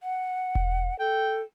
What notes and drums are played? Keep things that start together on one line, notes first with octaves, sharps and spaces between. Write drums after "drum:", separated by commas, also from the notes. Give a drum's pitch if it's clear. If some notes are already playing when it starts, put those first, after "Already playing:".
F#5
drum: kick E1
A4 G5